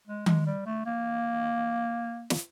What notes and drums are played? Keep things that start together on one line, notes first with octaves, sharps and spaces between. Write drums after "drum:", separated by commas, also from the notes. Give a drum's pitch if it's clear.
G#3
G#3, drum: tom D#3
G3
A3
A#3
drum: snare